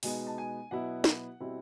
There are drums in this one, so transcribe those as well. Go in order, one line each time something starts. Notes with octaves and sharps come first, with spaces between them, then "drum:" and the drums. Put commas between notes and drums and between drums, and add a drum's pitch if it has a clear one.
B2 G#3 B3 D#4 G#5, drum: open hi-hat
A5
G#5
B2 F#3 B3 E4 F#5
drum: snare
B2 G3 C4 E4